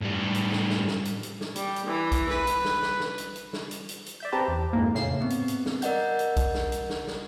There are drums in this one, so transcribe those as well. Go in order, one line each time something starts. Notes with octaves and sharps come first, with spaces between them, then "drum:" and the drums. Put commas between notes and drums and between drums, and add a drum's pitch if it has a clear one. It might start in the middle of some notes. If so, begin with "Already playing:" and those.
A2 G3
drum: hi-hat
drum: snare
drum: snare
drum: snare
drum: hi-hat
drum: hi-hat
drum: snare
G3, drum: hi-hat
drum: hi-hat
E3
drum: kick B1, hi-hat
B4, drum: snare
drum: hi-hat
drum: snare
drum: snare
drum: snare
drum: hi-hat
drum: hi-hat
drum: snare
drum: hi-hat
drum: hi-hat
drum: hi-hat
D5 E5 G6
C4 G4 B4 C5 A5 A#5
E2
F2 G#2 A#3
A2 C#3 C7 E7, drum: snare
B3 C4
drum: hi-hat
drum: hi-hat
drum: snare
A#4 D5 D#5 F#5 G6, drum: hi-hat
drum: hi-hat
drum: kick B1, hi-hat
drum: snare
drum: hi-hat
drum: snare
drum: snare